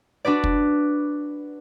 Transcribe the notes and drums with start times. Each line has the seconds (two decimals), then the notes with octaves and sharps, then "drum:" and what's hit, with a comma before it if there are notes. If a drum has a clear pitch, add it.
0.25 D4 F#4 B4 D5
0.44 drum: kick